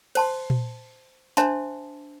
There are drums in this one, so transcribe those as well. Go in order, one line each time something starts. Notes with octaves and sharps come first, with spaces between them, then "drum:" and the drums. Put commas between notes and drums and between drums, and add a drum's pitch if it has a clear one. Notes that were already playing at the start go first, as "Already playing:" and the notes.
C5 A5 C6, drum: cymbal
drum: tom A#2
D4 C5 E5 A5 C6, drum: snare